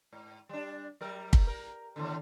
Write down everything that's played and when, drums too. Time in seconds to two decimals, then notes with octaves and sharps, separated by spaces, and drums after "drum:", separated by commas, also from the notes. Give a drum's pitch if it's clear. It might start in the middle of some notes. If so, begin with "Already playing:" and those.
0.13 G#2
0.49 G3 D4
1.01 F#3 G3 A#4
1.33 drum: kick
1.47 A#4
1.96 D#2 A2 D3